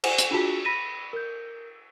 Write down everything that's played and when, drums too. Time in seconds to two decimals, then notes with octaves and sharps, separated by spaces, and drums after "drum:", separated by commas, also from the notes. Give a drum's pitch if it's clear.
0.04 C5 F#5 G#5, drum: cymbal
0.18 drum: hi-hat
0.31 D4 F4 F#4 G#4 A5 B6
0.65 B5 A#6 B6 D#7
1.13 A#4 G6